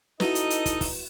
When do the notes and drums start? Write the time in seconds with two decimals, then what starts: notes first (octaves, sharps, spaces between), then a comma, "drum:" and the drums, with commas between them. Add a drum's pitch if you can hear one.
0.20 D#4 E4 F#4 A4 B4 D#5, drum: snare
0.35 drum: hi-hat
0.50 drum: hi-hat
0.66 drum: kick, hi-hat
0.81 drum: kick, open hi-hat